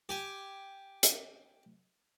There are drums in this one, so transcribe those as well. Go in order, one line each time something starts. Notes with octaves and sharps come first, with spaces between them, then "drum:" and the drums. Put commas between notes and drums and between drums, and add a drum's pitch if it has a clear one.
G4 G#5
drum: hi-hat